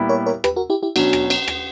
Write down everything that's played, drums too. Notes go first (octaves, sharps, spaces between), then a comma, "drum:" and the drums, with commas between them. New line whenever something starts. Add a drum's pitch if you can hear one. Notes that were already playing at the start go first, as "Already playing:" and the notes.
Already playing: A#2 G3 B3 E4
A#4 C#5
A#4 C#5
G4 B4, drum: rim click
F#4 A#4
E4 G4
E4 G4
B2 F#3 C#4 D4 F#4, drum: cymbal
drum: rim click
drum: cymbal
drum: rim click